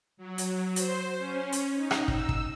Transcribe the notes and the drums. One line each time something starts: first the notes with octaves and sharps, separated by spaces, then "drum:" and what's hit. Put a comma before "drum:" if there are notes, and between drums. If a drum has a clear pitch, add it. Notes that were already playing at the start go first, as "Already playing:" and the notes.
F#3
drum: hi-hat
C5, drum: hi-hat
C#4
drum: hi-hat
D#4
drum: rim click
E6, drum: kick
drum: kick